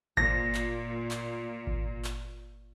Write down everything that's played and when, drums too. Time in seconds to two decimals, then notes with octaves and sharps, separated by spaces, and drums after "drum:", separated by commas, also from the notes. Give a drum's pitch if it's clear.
0.17 A#2 A#6, drum: kick G#1
0.55 drum: clap
1.11 drum: clap
1.67 drum: kick G#1
2.04 drum: clap